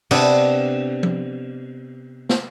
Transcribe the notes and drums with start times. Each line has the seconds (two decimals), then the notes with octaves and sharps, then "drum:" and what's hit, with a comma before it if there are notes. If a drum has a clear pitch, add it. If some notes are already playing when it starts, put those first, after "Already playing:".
0.11 C3 B3 D4, drum: cymbal
1.03 drum: tom F3
2.29 drum: snare